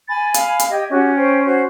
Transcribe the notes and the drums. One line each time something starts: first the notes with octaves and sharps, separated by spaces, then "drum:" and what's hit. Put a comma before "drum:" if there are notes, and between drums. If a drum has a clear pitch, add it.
G#5 B5 A6
F5, drum: hi-hat
drum: hi-hat
G4 D#5 G5 G#6
C#4 F#4 G4
C5 G5
F#4 C5 G6